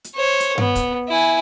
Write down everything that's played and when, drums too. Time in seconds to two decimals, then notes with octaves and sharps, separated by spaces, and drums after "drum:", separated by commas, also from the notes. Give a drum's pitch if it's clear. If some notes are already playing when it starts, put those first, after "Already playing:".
0.04 drum: hi-hat
0.16 C5 C#5
0.40 drum: hi-hat
0.58 B3, drum: tom G2
0.75 drum: kick, hi-hat
1.09 E4 G#5